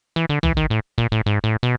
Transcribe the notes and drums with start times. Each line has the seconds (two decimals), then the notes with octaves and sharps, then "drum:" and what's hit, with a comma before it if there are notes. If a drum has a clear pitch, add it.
0.16 E3
0.29 D3
0.43 E3, drum: tom
0.57 D#3
0.70 A2
0.98 A#2, drum: kick
1.12 A2
1.26 G#2
1.44 A2
1.63 B2